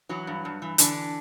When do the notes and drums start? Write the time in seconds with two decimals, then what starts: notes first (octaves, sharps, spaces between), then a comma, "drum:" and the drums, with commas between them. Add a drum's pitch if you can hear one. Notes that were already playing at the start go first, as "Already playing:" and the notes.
0.09 E3 F#3 F#4
0.27 G2
0.45 G2
0.62 E3
0.78 D3 E3 D4, drum: hi-hat